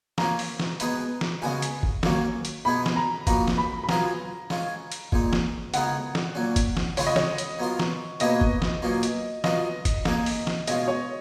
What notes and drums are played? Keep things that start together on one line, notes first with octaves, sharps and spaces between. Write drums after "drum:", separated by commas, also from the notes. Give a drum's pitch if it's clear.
F3 A#3 C#4 A#5, drum: snare
drum: open hi-hat
drum: snare
B2 G#3 D#4 G#4 B4, drum: hi-hat
drum: snare
C#3 G#3 B3 F#4 A#4 G#5
drum: hi-hat
drum: kick
D#3 F#3 A#3 C#4, drum: snare
drum: hi-hat
B2 G#3 B3 D#4 G#4 B5
drum: snare
A#5
F3 A#3 D#4 F#4 B4 A#5, drum: kick, hi-hat
drum: snare
B5
B5
F#3 B3 F4 G#4 A#5, drum: snare
G#3 C#4 F4, drum: snare
drum: hi-hat
A#2 G#3 D#4, drum: kick
drum: snare
C#3 G#3 B3 D#4 A#4 F#5, drum: hi-hat
drum: snare
A#2 F#3 C#4
drum: kick, hi-hat
drum: snare
C#3 G#3 C#4 F4 B4 C#5, drum: open hi-hat
D#5
C#5, drum: snare
drum: hi-hat
F#3 B3 F4 A#4
drum: snare
B2 A#3 C#4 G#4 B4 D#5, drum: hi-hat
drum: kick
drum: snare
B2 F#3 A#3 C#4 F4
drum: hi-hat
F#3 B3 F4 D#5, drum: snare
drum: kick, hi-hat
A#3 D#4 G#4, drum: snare
drum: open hi-hat
drum: snare
B2 G#3 C#4 F4 D#5, drum: hi-hat
C#5